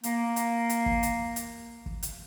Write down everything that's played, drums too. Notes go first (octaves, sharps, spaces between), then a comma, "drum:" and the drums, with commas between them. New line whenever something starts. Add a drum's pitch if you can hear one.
A#3, drum: hi-hat
drum: hi-hat
drum: hi-hat
drum: kick
drum: hi-hat
drum: hi-hat
drum: kick
drum: hi-hat